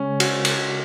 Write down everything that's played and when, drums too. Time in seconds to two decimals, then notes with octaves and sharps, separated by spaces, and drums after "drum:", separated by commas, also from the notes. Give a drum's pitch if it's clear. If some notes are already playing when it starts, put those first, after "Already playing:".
Already playing: C#3 G#3 C#4
0.20 F#4, drum: cymbal
0.45 drum: cymbal
0.58 F#4